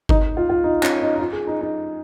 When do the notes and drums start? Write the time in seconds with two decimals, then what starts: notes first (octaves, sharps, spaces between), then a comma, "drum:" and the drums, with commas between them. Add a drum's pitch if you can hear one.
0.09 D#4, drum: kick G1
0.37 F4
0.50 F4
0.64 D#4
0.83 C#4, drum: clap
1.01 D#4
1.16 D#4
1.20 F4
1.32 G#4
1.47 D#4
1.61 D#4